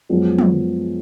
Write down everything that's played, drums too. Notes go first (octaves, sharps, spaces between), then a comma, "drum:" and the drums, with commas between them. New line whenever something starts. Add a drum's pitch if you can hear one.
F#2 F3 G#3 B3 F#4
drum: tom